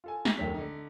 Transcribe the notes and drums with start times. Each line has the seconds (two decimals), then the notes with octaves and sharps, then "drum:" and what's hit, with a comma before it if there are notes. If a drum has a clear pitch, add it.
0.04 F4 A4 G#5
0.25 drum: snare
0.37 F1 D2 D#3 F#3 B6
0.54 D3 D#4